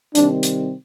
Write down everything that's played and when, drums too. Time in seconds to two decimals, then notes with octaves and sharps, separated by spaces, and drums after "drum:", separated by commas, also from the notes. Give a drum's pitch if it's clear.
0.15 C3 D#3 G3 C4 D4, drum: hi-hat
0.43 drum: hi-hat